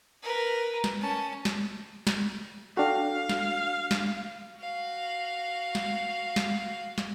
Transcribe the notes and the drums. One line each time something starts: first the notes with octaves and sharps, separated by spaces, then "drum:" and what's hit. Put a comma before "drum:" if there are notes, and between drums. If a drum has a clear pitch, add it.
A#4 B4
drum: snare
C#4 A5
drum: snare
drum: snare
D4 F#4 A4 F5 G5
drum: snare
drum: snare
F#4 F5
drum: snare
drum: snare
drum: snare